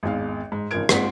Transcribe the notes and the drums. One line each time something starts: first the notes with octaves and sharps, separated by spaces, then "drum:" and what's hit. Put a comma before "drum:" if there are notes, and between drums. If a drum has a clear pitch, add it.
G#1 E2 G#3 F5
G#2
G#1 C#3 F3 A#4 G#6 D7
A#1 G#2 C4 F4 F#5 B6, drum: rim click